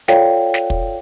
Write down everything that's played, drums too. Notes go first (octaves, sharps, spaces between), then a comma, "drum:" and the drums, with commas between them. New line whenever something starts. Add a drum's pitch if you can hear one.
F4 A4 C#5 D5 F5 G5, drum: snare
drum: snare
drum: kick